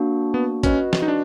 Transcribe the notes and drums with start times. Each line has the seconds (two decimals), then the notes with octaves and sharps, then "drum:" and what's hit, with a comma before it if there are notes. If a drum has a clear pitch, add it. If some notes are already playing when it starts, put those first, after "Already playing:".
Already playing: A#3 D4 F#4
0.34 B3
0.63 C#4 F#4 B4 D#5, drum: kick A1, hi-hat
0.93 drum: snare
1.02 D#4
1.08 D4